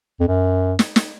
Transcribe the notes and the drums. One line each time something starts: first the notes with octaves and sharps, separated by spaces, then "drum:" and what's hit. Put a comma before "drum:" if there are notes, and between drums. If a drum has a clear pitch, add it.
F2
F#2
drum: snare
drum: snare